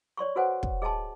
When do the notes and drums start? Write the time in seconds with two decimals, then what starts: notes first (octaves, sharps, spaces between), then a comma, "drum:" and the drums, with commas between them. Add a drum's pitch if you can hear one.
0.17 C#5 D5 C6 C#6
0.36 F#4 A4 B4 C5 F#5 G#5
0.63 drum: kick
0.82 G#4 D#5 G#5 A5 C6